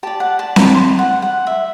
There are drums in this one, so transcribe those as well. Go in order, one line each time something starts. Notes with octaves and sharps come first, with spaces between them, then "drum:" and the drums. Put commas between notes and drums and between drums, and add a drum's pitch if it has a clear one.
G4 D5 A5
F#5
A5
B5, drum: snare C4
C6
F#5
F#5
E5